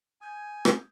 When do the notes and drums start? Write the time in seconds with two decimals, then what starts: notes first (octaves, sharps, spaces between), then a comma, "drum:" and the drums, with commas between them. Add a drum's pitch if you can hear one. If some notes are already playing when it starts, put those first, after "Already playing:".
0.21 G#5 D#6 G6 G#6
0.65 drum: rim click